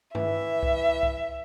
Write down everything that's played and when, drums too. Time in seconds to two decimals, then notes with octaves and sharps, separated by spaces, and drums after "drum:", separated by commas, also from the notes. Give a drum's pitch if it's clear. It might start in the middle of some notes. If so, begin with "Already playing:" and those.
0.15 E3 E5, drum: tom
0.63 drum: kick C2
1.03 drum: kick C2